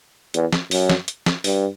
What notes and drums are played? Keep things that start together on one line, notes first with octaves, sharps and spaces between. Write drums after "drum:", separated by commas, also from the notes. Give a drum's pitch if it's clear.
E2, drum: hi-hat
drum: snare
F#2, drum: open hi-hat
drum: snare
drum: hi-hat
drum: snare
G2, drum: open hi-hat